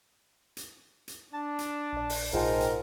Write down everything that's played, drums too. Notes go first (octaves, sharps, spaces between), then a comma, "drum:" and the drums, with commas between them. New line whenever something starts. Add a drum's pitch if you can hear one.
drum: hi-hat
drum: hi-hat
D4 A5
drum: hi-hat
A#1 D5
drum: open hi-hat
A#1 G#2 F4 A#4 G5 A5
drum: hi-hat